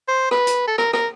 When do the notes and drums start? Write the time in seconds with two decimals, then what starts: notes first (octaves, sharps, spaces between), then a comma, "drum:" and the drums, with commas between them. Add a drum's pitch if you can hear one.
0.08 C5
0.31 B4, drum: rim click
0.47 drum: hi-hat
0.67 A4
0.78 A#4, drum: rim click
0.93 A#4, drum: rim click